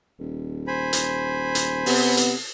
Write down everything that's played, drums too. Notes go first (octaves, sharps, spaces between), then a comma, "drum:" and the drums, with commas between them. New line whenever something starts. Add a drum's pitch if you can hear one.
D#1
C5 G#5 B5
drum: hi-hat
drum: hi-hat
C3 B3, drum: open hi-hat
drum: hi-hat